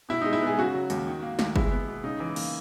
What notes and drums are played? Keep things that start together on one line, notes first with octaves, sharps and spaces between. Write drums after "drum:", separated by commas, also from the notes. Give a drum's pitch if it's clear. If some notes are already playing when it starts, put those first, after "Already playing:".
B2 E4
G#3 D#4
E4
B3
G#4
C#3 F#4
F#3
D#2, drum: hi-hat
D#3
A#3
D#2, drum: snare
G#3 E4, drum: kick
B3
B2
C#3 D#4
E3
A#3, drum: cymbal